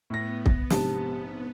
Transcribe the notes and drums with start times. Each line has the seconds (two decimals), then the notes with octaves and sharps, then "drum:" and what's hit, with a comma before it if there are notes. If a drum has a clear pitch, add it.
0.10 A2 B3 A#6
0.46 drum: kick
0.70 A#1 G#2 C3 G4 A5, drum: snare